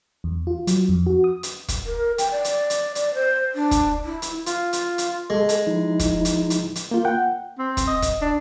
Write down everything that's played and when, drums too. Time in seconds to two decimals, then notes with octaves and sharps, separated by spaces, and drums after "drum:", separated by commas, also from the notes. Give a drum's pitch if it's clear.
0.24 E2
0.47 F4
0.67 F#3, drum: hi-hat
0.89 F2
1.07 F#4
1.24 D#6
1.43 drum: hi-hat
1.68 drum: kick, hi-hat
1.86 A#4
2.18 G5, drum: hi-hat
2.31 D5
2.45 drum: hi-hat
2.70 drum: hi-hat
2.95 D5, drum: hi-hat
3.14 C5
3.55 D4
3.71 drum: kick, hi-hat
4.04 E4
4.22 drum: hi-hat
4.46 F4, drum: hi-hat
4.73 drum: hi-hat
4.98 drum: hi-hat
5.30 G#3 A4
5.49 drum: hi-hat
5.67 F3 D#4 E4
5.99 drum: kick, hi-hat
6.25 drum: hi-hat
6.50 drum: hi-hat
6.76 drum: hi-hat
6.91 A#3 F4 G6
7.05 F#5 G5
7.59 C4
7.77 drum: kick, hi-hat
7.87 D#5
8.02 drum: kick, hi-hat
8.22 D4